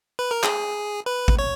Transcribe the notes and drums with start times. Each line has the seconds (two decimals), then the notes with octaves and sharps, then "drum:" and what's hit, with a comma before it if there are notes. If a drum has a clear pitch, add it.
0.19 B4
0.31 A#4
0.43 G#4, drum: clap
1.06 B4
1.28 drum: kick G#1
1.39 C#5